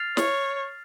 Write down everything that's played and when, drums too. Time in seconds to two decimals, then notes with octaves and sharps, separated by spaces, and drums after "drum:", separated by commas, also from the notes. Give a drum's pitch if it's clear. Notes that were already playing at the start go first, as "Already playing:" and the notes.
Already playing: F6 A6 C7 F7
0.17 C#5, drum: snare